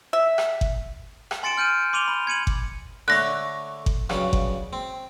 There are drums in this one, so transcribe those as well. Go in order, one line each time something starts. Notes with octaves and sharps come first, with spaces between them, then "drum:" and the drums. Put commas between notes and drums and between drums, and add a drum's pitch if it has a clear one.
E5
drum: rim click
drum: kick G1
drum: rim click
G#5 C6 A6 C#7 D7 E7
F6 G6 D7 D#7
C6 D6 D#7 F7 G7
B5
G#6 C#7 D#7 F#7
drum: kick G1
D3 A3 C#5 F#6 A#6
drum: kick G1
G2 C#3 F#3, drum: rim click
drum: kick G1
C4